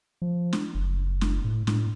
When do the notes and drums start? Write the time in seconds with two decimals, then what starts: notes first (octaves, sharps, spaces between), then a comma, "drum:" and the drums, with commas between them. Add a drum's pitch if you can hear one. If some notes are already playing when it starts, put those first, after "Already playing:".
0.22 F3
0.53 drum: snare
0.75 F#1
1.21 drum: snare
1.44 A2
1.67 A2, drum: snare